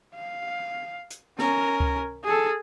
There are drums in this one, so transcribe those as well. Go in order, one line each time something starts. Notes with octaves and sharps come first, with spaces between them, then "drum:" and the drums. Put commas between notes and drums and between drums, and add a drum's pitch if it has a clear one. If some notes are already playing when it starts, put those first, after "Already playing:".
F5
drum: hi-hat
C#4 A#4, drum: snare
drum: kick C#2
G#4 A4